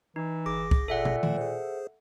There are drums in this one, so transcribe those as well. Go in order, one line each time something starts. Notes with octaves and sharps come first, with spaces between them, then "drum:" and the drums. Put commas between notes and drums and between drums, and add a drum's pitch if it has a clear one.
E3 D#4
G1 G#4 D6 A#6
drum: kick
A#2 A4 E5 F#5
drum: tom
D#3 F3 A3, drum: tom D#3
G#4 C5